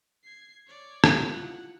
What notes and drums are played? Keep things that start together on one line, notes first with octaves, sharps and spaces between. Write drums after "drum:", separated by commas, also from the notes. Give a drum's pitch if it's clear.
G#6 C7
C#5 D5
drum: rim click
E4 F4 F5 F#5